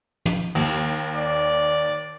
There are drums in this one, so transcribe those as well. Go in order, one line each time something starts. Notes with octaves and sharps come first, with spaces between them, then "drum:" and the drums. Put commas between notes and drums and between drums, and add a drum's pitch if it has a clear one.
drum: tom
D#2, drum: cymbal
D5